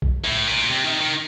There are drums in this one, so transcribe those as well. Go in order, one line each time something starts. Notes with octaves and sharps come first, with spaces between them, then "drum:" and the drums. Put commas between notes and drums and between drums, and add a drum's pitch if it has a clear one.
drum: kick A#1
A2
A#2
C3
D#3
D#3